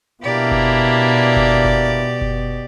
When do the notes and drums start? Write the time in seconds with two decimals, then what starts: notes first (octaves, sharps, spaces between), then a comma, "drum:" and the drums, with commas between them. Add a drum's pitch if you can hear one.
0.23 B2 A#3 D4 E4 G4 D5
0.51 drum: kick F#1
1.36 drum: kick F#1
1.65 drum: kick F#1
2.21 drum: kick F#1